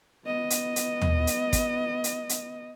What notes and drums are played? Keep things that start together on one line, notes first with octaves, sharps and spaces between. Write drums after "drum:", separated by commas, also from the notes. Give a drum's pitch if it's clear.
B3 D#5
drum: hi-hat
drum: hi-hat
drum: tom
drum: hi-hat
drum: kick, hi-hat
drum: hi-hat
drum: hi-hat